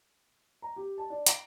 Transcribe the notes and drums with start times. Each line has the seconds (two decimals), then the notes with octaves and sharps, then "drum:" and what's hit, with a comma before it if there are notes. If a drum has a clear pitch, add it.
0.62 A#5
0.76 G4
0.98 A5
1.10 D4
1.26 D7, drum: hi-hat